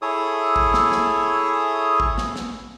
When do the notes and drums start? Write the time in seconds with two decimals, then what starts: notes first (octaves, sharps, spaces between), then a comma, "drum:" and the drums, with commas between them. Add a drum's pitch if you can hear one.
0.02 E4 G#4 A4 C#5 D#6
0.56 drum: kick A1
0.74 drum: snare
0.92 drum: snare
2.00 drum: kick A1
2.18 drum: snare
2.36 drum: snare